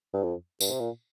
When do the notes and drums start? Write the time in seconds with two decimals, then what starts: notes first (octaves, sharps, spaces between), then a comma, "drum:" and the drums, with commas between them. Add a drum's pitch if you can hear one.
0.14 G2
0.23 F2
0.61 G2, drum: tambourine
0.71 C3
0.80 A#2